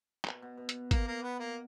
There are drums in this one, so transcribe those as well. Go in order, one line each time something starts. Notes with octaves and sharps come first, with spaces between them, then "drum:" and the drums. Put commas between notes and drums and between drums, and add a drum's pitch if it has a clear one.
B2, drum: clap
B2
B2
drum: hi-hat
A#3, drum: kick G#1, hi-hat
A#3
B3
A#3